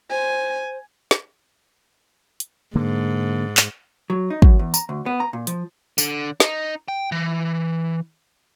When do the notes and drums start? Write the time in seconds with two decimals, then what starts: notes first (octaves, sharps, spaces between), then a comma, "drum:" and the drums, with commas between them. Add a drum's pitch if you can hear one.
0.11 C5 G#5
1.11 drum: snare
2.40 drum: hi-hat
2.75 G#2 D3 A#3
3.57 drum: clap
4.10 F#3
4.30 D#4
4.42 F#2, drum: kick
4.59 E2
4.74 A#5, drum: tambourine
4.89 D2
5.06 B3
5.20 A#5
5.33 A#2
5.47 F3, drum: hi-hat
5.98 D3, drum: tambourine
6.40 D#4, drum: snare
6.88 G5
7.12 E3